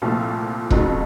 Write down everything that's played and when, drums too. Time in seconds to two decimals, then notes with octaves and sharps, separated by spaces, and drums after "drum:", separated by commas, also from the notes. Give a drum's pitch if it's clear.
0.02 C2 A#2 F3 A3
0.70 F2 C#3 F#3 A3 D#4, drum: kick E1